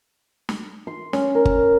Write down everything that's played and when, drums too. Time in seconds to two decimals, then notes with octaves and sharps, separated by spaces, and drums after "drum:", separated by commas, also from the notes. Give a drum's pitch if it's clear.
0.49 drum: snare
0.87 C6
1.13 C#4, drum: snare
1.35 A#4
1.45 drum: kick G1